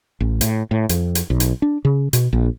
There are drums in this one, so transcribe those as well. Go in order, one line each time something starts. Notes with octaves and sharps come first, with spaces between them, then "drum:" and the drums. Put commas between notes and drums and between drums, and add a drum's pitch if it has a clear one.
A1
A2, drum: hi-hat
A2
F2, drum: hi-hat
drum: hi-hat
B1
drum: hi-hat
D4
C#3
B2, drum: hi-hat
A#1